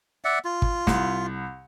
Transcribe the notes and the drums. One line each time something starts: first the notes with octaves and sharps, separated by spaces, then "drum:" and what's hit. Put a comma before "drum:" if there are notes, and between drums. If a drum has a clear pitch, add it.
D5 E5 F#5
F4
drum: kick
C2, drum: snare